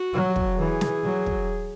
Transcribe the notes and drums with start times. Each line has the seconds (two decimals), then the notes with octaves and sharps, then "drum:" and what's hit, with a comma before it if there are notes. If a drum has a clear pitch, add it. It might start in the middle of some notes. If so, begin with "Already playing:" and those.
Already playing: F#4
0.13 F#3
0.36 drum: kick
0.58 E3 G#4
0.81 drum: snare
1.04 F#3
1.26 drum: kick